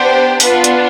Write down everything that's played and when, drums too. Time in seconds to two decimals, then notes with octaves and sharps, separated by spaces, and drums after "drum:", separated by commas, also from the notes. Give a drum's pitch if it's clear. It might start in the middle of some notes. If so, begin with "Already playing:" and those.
Already playing: B3 D4 G4 C5
0.40 B3 D4 F4 B4, drum: open hi-hat
0.64 drum: hi-hat